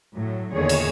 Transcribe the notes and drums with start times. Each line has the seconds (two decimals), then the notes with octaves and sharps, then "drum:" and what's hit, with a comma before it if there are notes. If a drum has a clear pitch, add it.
0.16 A2 F#3
0.54 E2 A#2 D3 D#3 G#4 C#5
0.69 drum: cymbal